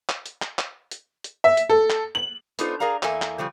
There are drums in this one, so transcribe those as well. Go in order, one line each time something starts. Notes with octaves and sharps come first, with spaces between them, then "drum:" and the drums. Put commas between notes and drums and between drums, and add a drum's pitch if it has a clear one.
drum: clap
drum: hi-hat
drum: clap
drum: clap
drum: hi-hat
drum: hi-hat
E5
drum: hi-hat
A4
drum: clap
F#7
B3 D4 D#4 F4 A4 C5, drum: hi-hat
G#4 A#4 D5 F5 A#5
E2 A#3 A4 E5 G#5, drum: clap
drum: clap
C#3 F3 G3 A3